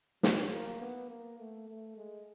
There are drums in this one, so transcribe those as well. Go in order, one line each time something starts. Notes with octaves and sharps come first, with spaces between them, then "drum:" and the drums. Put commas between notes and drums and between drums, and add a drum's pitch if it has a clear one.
F#3, drum: snare
A#3
B3
A#3
A3
A3
G#3